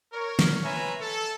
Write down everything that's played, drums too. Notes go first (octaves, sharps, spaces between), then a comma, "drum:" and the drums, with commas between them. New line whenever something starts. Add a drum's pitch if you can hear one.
A#4 C#5
drum: snare
F4 B4 C#5 E5 G#5 A#5
A4